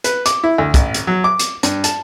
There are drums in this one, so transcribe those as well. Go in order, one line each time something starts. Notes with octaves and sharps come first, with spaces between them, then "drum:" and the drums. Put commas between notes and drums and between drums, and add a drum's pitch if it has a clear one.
B4, drum: hi-hat
D6, drum: hi-hat
E4
D2
A1, drum: kick, hi-hat
drum: hi-hat
F#3
D6
drum: hi-hat
G2, drum: hi-hat
A5, drum: hi-hat